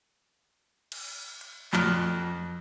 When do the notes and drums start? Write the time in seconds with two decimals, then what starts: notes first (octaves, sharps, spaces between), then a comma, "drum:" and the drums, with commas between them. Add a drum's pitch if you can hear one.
0.92 drum: cymbal
1.41 drum: hi-hat
1.73 F2 F6 F#6, drum: clap